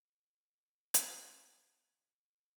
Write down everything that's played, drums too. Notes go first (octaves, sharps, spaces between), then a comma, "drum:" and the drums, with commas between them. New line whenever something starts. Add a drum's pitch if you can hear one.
F#3
C5
drum: hi-hat
A#4